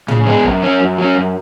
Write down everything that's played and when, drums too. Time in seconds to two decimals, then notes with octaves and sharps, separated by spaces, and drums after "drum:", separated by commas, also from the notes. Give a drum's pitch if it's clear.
0.08 C#3, drum: tom
0.26 G#3 B3 G#4
0.44 F#2, drum: kick
0.62 F#3 C#4
0.80 F#2
0.98 F#3 C#4
1.15 F#2